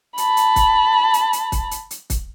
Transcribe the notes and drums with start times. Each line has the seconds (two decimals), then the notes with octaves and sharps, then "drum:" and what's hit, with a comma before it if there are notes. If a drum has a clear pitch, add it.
0.18 A5 B5, drum: hi-hat
0.37 drum: hi-hat
0.56 drum: kick, hi-hat
1.14 drum: hi-hat
1.33 drum: hi-hat
1.52 drum: kick, hi-hat
1.71 drum: hi-hat
1.91 drum: hi-hat
2.10 drum: kick, hi-hat